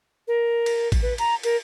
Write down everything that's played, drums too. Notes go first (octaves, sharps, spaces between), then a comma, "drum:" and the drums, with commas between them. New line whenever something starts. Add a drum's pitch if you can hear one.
A#4
drum: cymbal
drum: kick, cymbal
B4
A#5, drum: cymbal
A#4, drum: cymbal